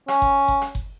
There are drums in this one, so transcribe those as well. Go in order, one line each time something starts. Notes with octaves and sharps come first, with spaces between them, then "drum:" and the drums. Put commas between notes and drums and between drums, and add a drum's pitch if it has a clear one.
C#4, drum: rim click
drum: kick F#1
drum: kick F#1
drum: rim click
drum: kick F#1